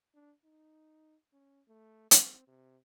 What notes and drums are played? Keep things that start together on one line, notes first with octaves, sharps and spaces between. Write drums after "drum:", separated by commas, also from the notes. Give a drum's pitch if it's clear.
D4
D#4
C#4
A3
C4, drum: hi-hat
C3